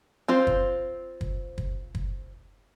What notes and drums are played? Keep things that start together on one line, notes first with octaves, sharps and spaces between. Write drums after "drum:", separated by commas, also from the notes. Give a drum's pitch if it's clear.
C4 F4 C5
drum: kick
drum: kick
drum: kick
drum: kick